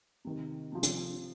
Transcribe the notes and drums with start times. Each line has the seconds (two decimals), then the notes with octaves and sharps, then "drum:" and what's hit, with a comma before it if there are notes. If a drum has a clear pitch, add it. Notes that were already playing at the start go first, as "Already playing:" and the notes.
0.25 C3 D#3
0.72 C3 F3
0.83 drum: hi-hat